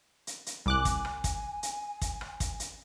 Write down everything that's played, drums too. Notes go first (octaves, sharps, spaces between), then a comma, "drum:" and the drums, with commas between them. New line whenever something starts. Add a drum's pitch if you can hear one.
drum: hi-hat
drum: hi-hat
C2 G#5 D6 F#6
drum: kick, hi-hat
drum: rim click
drum: kick, hi-hat
drum: hi-hat
drum: kick, hi-hat
drum: rim click
drum: kick, hi-hat
drum: hi-hat